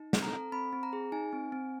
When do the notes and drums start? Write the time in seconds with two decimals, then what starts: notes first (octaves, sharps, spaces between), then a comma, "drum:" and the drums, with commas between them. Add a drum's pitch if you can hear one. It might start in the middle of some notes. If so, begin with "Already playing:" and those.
Already playing: D#4
0.13 C4, drum: snare
0.22 A#5
0.32 A4
0.52 C4 B5
0.73 C4
0.83 A#5
0.93 G#4
1.12 D#4 G#5
1.33 C4
1.52 C4